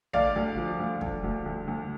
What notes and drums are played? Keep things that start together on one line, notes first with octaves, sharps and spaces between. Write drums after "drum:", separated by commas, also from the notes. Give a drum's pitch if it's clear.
D2 D5 F5, drum: tom
D2
F3
D2
D2, drum: kick
D2
D2
D2